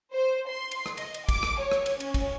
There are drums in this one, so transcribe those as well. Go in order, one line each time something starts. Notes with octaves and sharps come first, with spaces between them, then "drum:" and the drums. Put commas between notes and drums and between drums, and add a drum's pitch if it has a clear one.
C5
C6
drum: cymbal
drum: rim click
D#5, drum: cymbal
drum: cymbal
D6, drum: kick, cymbal
drum: rim click
C#5
drum: rim click
drum: cymbal
C#4, drum: cymbal
drum: kick, cymbal